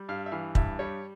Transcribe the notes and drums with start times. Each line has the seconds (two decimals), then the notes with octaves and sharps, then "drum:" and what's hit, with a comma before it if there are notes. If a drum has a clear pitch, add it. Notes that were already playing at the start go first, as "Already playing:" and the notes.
Already playing: G3
0.09 G2 F5
0.26 E5
0.32 E3 F5
0.55 G2 E5, drum: kick
0.79 G3 C#5